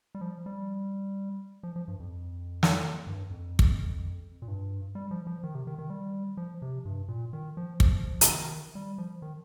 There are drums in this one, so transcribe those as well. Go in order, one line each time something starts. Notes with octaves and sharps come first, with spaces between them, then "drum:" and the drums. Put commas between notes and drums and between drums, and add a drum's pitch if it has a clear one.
G3
F3
G3
F3
F3
G2
F2
drum: snare
G2
F2
drum: kick
A#2
G2
G3
F3
F3
D#3
C3
D#3
D#3
G3
F3
C3
G2
A#2
D#3
F3
F3, drum: kick
C3, drum: hi-hat
D#3
G3
F3
D#3